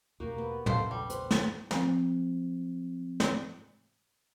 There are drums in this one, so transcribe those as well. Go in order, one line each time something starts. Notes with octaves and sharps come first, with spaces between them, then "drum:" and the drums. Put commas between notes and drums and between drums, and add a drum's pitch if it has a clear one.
E2 B2 A3 A#3 F#4 G4
B3
A#1 E2 C#3 A4 C5 D#5 F5, drum: tom
G3
B4 C5, drum: hi-hat
drum: snare
F3 C4, drum: snare
drum: snare